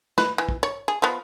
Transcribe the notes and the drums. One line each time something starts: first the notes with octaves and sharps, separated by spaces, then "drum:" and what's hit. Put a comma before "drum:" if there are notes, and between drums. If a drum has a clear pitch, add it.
B4, drum: snare
E3
drum: kick
C#5
G#4
F3 B3